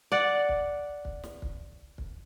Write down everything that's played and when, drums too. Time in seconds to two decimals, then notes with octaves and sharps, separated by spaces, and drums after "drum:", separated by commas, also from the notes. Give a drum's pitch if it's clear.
0.12 D5 F#5
0.49 drum: kick
1.05 drum: kick
1.24 drum: snare
1.42 drum: kick
1.98 drum: kick